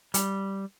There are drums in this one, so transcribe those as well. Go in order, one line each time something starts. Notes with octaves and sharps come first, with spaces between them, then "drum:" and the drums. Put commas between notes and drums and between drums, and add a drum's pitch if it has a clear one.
G3, drum: hi-hat